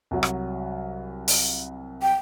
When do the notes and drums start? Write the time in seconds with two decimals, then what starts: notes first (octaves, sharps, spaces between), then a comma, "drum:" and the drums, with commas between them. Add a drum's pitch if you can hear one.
0.11 C2 F#3
0.23 drum: rim click
1.28 drum: open hi-hat
2.02 G5